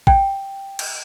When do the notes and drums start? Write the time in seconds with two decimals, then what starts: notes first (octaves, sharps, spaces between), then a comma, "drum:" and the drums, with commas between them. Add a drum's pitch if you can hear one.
0.07 G5, drum: kick A1
0.79 drum: cymbal